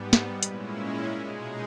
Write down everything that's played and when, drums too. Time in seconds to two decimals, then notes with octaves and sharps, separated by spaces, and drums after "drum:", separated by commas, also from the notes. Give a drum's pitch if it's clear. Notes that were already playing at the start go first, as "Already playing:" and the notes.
Already playing: G#2 G3 B3
0.13 drum: snare
0.43 A#2 G#3 C#4 E4, drum: hi-hat
1.23 B2 G#3 D#4 G#4